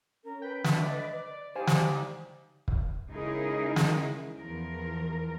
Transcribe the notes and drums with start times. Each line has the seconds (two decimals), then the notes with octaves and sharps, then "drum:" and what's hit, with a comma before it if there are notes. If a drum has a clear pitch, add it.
0.24 C#4 A#4
0.42 B4 G5
0.64 A3 D4, drum: snare
0.83 D5 D#5
1.56 D#4 G4 C5 F5 G#5
1.67 drum: snare
2.68 drum: kick
3.11 C#3 G#3 D#4 E4 G#4 A#4
3.76 drum: snare
4.37 E2 F3 A#4